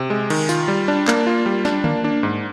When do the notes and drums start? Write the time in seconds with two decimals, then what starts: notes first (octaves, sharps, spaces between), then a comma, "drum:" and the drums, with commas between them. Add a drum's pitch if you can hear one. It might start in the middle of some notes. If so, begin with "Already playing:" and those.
Already playing: C3
0.10 G#3
0.30 D#3, drum: cymbal
0.49 F4, drum: tambourine
0.68 G3
0.88 D4
1.08 A#3, drum: clap
1.27 F4
1.46 G3
1.65 D4, drum: snare
1.84 A#3, drum: tom D3
2.04 D4
2.23 G#2